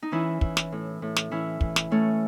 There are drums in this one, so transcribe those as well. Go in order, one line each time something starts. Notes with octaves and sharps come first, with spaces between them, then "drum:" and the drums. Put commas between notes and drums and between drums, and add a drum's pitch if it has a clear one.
D#4
E3 C#4 E4
E3, drum: kick
drum: snare
A2
A2
drum: snare
E3 C#4 E4
E3, drum: kick
drum: snare
A2 A3 C#4